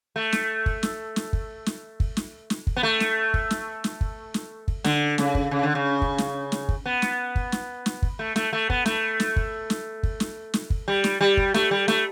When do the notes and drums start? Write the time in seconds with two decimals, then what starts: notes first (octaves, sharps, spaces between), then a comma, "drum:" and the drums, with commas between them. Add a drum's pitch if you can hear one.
0.16 A3
0.32 drum: snare
0.66 drum: kick
0.83 drum: snare
1.16 drum: snare
1.33 drum: kick
1.66 drum: snare
2.00 drum: kick
2.17 drum: snare
2.50 drum: snare
2.67 drum: kick
2.76 B3
2.83 A3
3.00 drum: snare
3.34 drum: kick
3.51 drum: snare
3.84 drum: snare
4.01 drum: kick
4.34 drum: snare
4.68 drum: kick
4.84 D3, drum: snare
5.18 C#3, drum: snare
5.35 drum: kick
5.51 C#3
5.63 D3
5.75 C#3
6.02 drum: kick
6.18 drum: snare
6.52 drum: snare
6.69 drum: kick
6.86 B3
7.02 drum: snare
7.36 drum: kick
7.52 drum: snare
7.86 drum: snare
8.02 drum: kick
8.19 A3
8.36 A3, drum: snare
8.53 A3
8.70 B3, drum: kick
8.86 A3, drum: snare
9.20 drum: snare
9.36 drum: kick
9.70 drum: snare
10.03 drum: kick
10.20 drum: snare
10.54 drum: snare
10.70 drum: kick
10.88 G3
11.04 drum: snare
11.21 G3
11.37 drum: kick
11.54 A3, drum: snare
11.71 G3
11.88 A3, drum: snare